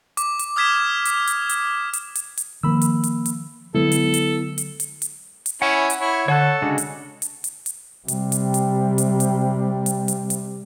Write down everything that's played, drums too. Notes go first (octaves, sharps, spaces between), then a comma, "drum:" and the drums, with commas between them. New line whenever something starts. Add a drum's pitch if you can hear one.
D6, drum: hi-hat
drum: hi-hat
D#6 F6 G#6 B6 E7
drum: hi-hat
drum: hi-hat
drum: hi-hat
drum: hi-hat
drum: hi-hat
drum: hi-hat
D#3 F3 A#3 B5 E6
drum: hi-hat
drum: hi-hat
drum: hi-hat
D3 F#3 G#3 B3 E4 A4
drum: hi-hat
drum: hi-hat
drum: hi-hat
drum: hi-hat
drum: hi-hat
drum: hi-hat
C#4 E4 F#5
drum: hi-hat
E4 C#5
D3 A4 C#5 F#6
C#3 G#3 D4 F#4
drum: hi-hat
drum: hi-hat
drum: hi-hat
drum: hi-hat
C3 G3, drum: hi-hat
drum: hi-hat
drum: hi-hat
drum: hi-hat
drum: hi-hat
drum: hi-hat
drum: hi-hat
drum: hi-hat